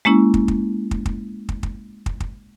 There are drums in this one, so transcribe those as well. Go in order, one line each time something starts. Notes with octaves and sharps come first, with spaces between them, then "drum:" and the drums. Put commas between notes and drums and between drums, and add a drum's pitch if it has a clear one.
G#3 A#3 C#4 E4
drum: kick
drum: kick
drum: kick
drum: kick
drum: kick
drum: kick
drum: kick
drum: kick